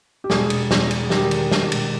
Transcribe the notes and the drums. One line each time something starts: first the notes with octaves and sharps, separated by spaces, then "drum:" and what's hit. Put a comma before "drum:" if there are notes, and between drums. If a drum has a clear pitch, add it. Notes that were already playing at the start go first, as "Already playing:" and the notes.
G4
E1 G#4, drum: snare
drum: cymbal
E2, drum: snare
drum: cymbal
D#3 G4, drum: snare
drum: cymbal
E1, drum: snare
drum: cymbal